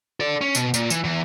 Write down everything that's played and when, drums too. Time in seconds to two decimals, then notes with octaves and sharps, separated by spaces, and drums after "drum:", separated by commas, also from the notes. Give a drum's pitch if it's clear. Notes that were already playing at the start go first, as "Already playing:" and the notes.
0.20 A4 D5
0.41 C#4
0.55 B2, drum: tambourine
0.74 A#2, drum: tambourine
0.90 E3, drum: tambourine
1.04 E2 E3